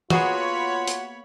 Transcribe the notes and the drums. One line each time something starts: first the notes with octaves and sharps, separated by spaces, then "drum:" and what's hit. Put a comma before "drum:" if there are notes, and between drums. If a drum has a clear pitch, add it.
A#3 B3 F4 F#4 G#4 C#5 B5, drum: tom
drum: hi-hat